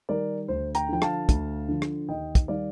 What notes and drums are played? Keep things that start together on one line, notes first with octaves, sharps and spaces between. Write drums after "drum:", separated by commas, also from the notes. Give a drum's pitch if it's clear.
D#3 G3 A#4 D5
D2 C5
G5 A#5, drum: hi-hat
D3 F3 G5
F5 A5, drum: rim click
D2, drum: kick, hi-hat
D3 F3
drum: rim click
D#2 D#5 G5
drum: kick, hi-hat
D#3 G3 D5 F5